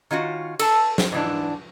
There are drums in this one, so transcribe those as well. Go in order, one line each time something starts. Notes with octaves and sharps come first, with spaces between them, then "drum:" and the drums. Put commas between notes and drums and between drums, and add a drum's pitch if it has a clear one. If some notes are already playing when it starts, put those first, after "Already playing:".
D#3 C#4 F4 F#4
A4 A5, drum: cymbal
drum: snare
G#2 E3 D4